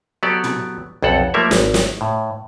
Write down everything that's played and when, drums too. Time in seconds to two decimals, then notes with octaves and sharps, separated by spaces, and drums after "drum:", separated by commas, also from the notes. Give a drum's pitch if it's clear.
0.23 F#3 B3 G4 A4 D5
0.44 drum: tom
1.03 B1 F2 A4 F#5
1.34 F3 G3 A3 A#3 A#4 E5
1.51 G#1, drum: snare
1.74 drum: snare
2.01 A2